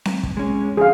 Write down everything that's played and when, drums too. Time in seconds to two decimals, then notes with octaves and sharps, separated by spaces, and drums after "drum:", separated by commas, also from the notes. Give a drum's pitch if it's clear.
0.05 drum: snare C4
0.23 drum: kick
0.37 G#3 C#4
0.77 F2 D3 G#4 F5